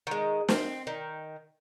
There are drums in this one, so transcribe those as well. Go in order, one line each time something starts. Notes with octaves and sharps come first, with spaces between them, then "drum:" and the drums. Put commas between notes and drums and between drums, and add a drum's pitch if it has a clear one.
D#3 G#3
C4, drum: snare
D#3